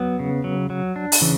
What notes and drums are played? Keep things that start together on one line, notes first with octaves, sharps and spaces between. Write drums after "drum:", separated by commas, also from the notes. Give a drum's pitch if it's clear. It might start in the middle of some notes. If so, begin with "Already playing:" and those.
Already playing: F#3 B3
C#3
F#3
F#3
D4
drum: open hi-hat
C#3 E3